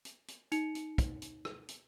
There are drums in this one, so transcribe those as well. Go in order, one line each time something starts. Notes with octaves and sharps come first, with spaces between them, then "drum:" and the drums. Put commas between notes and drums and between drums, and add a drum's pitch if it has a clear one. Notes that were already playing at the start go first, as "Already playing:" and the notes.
drum: hi-hat
drum: hi-hat
D#4 C#7 F7, drum: hi-hat
drum: hi-hat
drum: kick, hi-hat
drum: hi-hat
drum: rim click
drum: hi-hat